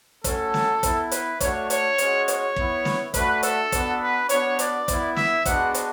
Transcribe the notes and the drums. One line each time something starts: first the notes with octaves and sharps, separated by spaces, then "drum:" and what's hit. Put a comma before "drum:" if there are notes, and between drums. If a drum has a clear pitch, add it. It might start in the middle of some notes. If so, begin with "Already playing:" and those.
A3 C#4 F#4 A4, drum: kick, hi-hat
drum: snare
B3 E4, drum: kick, hi-hat
B4, drum: hi-hat
A3 D4 F#4 C#5, drum: kick, hi-hat
C#5, drum: hi-hat
G#3 C#4 F#4, drum: hi-hat
C#5, drum: hi-hat
B3 E4, drum: kick
drum: snare
A3 D4 F#4 B4, drum: kick, hi-hat
A4, drum: hi-hat
B3 D4 F#4, drum: kick, hi-hat
B4
B3 D4 F#4 C#5, drum: hi-hat
D5, drum: hi-hat
B3 E4, drum: kick, hi-hat
E5, drum: snare
G#3 B3 D4 F#4 F#5, drum: kick, hi-hat
drum: hi-hat